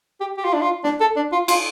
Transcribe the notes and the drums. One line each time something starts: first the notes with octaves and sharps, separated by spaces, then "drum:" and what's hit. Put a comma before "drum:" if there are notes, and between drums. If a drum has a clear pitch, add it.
G4
G4
F4
D4
F4
D4, drum: snare
A4
D4
F4
F4, drum: cymbal